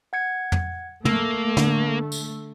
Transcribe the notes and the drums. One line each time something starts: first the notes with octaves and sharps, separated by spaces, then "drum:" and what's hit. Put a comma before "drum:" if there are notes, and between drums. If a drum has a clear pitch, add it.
F#5 G#6 C#7
drum: tom
A3 A#3 E6, drum: tom
D3, drum: snare
drum: tambourine